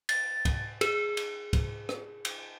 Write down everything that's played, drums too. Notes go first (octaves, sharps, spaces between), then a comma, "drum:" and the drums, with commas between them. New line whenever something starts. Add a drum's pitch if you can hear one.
A6, drum: cymbal
drum: kick, cymbal
G#4, drum: cymbal
drum: cymbal
drum: kick, cymbal
drum: rim click
drum: cymbal